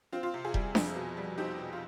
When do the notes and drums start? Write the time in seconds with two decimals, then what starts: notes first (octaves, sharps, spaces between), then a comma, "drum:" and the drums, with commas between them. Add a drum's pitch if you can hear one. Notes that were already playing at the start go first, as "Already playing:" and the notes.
0.13 C4 F4
0.23 F4
0.34 C3
0.44 F4 G#4
0.54 G3, drum: kick E1
0.75 F2, drum: snare D4
0.96 B2
1.17 G3
1.38 C4 D#4 G4
1.58 B2
1.73 F4